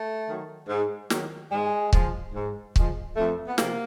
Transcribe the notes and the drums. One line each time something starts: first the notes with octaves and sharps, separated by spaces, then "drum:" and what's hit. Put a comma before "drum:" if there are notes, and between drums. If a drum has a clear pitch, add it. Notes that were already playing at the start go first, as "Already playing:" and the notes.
Already playing: A3
D#3 F#3
G#2
D#3 F#3, drum: snare
G#2 G#3
F3 G#3, drum: kick C#1
G#2
F3 G#3, drum: kick C#1
F2 A3
B3
C3 F3 A#3, drum: snare